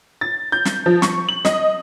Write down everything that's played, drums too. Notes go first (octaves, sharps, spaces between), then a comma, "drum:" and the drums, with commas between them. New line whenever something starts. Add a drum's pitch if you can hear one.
A6
G6
drum: snare
F3
C#6, drum: snare
F#7
D#5, drum: snare